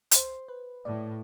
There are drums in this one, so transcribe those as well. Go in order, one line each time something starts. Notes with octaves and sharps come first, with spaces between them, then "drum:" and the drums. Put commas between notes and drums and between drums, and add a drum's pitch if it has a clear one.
C5 C6, drum: hi-hat
B4
A2 D5